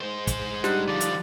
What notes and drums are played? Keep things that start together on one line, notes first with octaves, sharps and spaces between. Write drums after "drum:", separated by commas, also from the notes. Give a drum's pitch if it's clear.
G#3 C5
drum: kick, hi-hat
G3 D4 D#4 G4 F#5, drum: snare
D3 F3 D5
drum: hi-hat